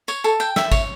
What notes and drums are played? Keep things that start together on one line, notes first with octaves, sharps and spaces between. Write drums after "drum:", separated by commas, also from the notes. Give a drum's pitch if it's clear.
C#5, drum: tambourine
A4, drum: tambourine
G5, drum: tambourine
E5, drum: snare
C#5, drum: kick, tambourine